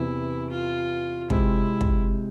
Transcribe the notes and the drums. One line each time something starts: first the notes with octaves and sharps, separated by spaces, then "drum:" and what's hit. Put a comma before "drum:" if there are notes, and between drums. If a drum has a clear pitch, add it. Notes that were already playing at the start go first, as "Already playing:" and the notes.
Already playing: E2 C3 E3 E4
F4
C3 G#3 C4 E4, drum: kick
drum: kick